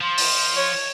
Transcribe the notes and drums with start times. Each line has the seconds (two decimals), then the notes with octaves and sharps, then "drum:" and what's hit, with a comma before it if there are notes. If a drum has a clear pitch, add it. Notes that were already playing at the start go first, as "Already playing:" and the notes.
0.01 F3 C6
0.18 drum: open hi-hat
0.56 C#5